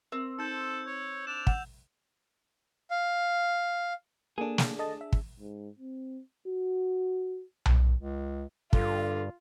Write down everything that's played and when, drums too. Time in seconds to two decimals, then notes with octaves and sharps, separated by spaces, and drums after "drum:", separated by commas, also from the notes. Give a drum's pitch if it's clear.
0.12 C4 A#4
0.39 D#4 A4 E6 G6
0.86 C#5
1.27 D4 E7 F7
1.47 F#5, drum: kick
2.90 F5
4.38 A#3 D4 G#4 A4
4.58 drum: snare
4.79 A4 D#5 A5
5.01 E5
5.13 drum: kick
5.40 G#2
5.79 C4
6.48 F#4
7.66 drum: tom B1
7.98 C#2
8.73 G2 D3 F4, drum: kick